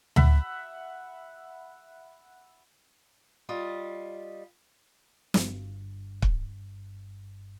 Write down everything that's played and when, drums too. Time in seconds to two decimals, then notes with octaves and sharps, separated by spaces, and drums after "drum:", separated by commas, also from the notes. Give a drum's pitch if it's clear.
0.16 E5 F#5 B5, drum: tom D2
3.49 G3 F4 D#5
5.34 G1 G2, drum: snare
6.22 drum: kick